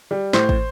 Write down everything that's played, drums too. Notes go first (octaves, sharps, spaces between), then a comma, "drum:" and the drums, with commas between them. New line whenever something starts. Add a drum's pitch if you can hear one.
G3
A2 C5, drum: snare
drum: kick